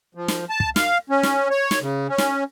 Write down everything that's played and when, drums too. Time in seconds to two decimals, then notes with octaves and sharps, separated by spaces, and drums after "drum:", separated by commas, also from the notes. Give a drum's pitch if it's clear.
0.15 F3
0.28 drum: snare
0.50 A5
0.60 drum: kick
0.76 F5, drum: snare
1.10 C#4
1.23 drum: snare
1.50 C#5
1.71 drum: snare
1.81 C#3
2.09 C#4
2.18 drum: snare